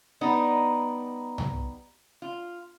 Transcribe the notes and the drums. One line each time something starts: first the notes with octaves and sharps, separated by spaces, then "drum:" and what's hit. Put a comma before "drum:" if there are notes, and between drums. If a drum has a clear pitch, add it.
G3 B3 D#4
drum: tom C2
F4